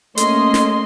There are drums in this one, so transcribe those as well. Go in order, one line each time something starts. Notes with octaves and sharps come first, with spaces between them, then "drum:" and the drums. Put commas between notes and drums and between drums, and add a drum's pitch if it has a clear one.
A3 A#3 C#4 D#5 C6, drum: hi-hat
drum: snare